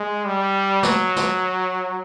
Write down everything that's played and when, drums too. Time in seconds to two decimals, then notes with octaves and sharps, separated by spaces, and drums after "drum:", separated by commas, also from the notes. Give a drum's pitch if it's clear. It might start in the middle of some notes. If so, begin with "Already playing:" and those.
Already playing: G#3
0.25 G3
0.83 F#3, drum: snare
1.16 drum: snare